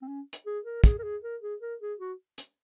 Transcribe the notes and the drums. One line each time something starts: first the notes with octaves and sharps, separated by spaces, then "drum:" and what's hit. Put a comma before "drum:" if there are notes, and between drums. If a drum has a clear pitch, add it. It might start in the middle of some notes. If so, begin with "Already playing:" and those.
C4
C#4
drum: hi-hat
G#4
A#4
G#4, drum: kick, hi-hat
A#4
G#4
A#4
G#4
A#4
G#4
F#4
drum: hi-hat